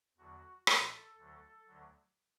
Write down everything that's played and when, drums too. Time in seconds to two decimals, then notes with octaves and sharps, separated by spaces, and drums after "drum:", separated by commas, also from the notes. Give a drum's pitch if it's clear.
0.18 E2 D3 F#3 F#4
0.67 A2 E3 A4, drum: rim click
1.18 D2 D3 F#3
1.67 D2 D3 F#3